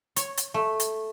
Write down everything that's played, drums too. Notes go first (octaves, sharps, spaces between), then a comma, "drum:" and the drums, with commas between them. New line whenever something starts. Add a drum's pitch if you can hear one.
C#5, drum: hi-hat
drum: hi-hat
A3
drum: hi-hat